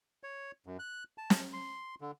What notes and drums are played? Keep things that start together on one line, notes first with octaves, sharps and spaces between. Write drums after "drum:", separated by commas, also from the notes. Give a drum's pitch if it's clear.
C#5
F#2
F#6
A5
drum: snare
C6
D3